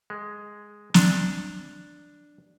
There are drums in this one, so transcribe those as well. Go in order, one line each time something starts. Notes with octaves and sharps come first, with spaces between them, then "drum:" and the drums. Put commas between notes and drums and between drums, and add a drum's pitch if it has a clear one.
G#3
D4, drum: snare